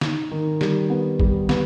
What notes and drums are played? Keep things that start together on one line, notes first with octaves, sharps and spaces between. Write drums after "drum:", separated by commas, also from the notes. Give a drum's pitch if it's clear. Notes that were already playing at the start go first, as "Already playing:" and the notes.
D#4, drum: snare
D#3
G3, drum: snare
B3
G3, drum: kick G#1
B3, drum: snare